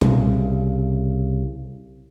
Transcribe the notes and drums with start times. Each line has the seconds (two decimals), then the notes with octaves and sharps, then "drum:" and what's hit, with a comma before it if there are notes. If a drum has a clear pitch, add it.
0.01 C2 C#3, drum: tom